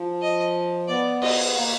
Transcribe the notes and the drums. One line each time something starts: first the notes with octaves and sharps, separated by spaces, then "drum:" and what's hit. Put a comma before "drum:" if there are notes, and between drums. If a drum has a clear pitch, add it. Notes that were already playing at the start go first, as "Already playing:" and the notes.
Already playing: F3
D#5
B3 D5
D#5, drum: cymbal
A#3